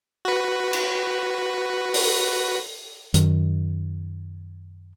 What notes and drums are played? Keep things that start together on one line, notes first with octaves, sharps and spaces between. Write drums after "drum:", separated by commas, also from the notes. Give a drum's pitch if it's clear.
F#4 B4
drum: cymbal
drum: open hi-hat
F#2 D#3, drum: hi-hat